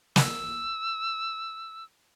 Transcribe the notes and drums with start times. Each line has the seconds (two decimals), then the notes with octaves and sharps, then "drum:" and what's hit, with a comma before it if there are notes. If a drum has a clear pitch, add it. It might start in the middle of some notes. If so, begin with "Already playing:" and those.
0.16 E6, drum: snare